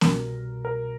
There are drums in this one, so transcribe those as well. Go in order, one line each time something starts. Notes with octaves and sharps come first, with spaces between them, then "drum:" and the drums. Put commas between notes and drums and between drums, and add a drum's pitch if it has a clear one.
C2 B2 G3 A#4, drum: snare
A#4